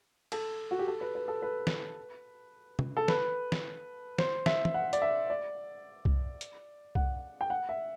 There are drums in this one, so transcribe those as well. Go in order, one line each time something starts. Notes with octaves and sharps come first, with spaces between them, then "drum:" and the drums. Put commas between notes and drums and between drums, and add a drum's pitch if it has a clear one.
A4, drum: cymbal
F#4
G4
A4
B4
B4
A4
B4
drum: snare
drum: tom
A4
B4, drum: snare
drum: snare
C5, drum: snare
E5, drum: snare
drum: tom
F#5
D5, drum: hi-hat
E5
D5
drum: kick C2
drum: hi-hat
F#5, drum: kick C2
G5
F#5
E5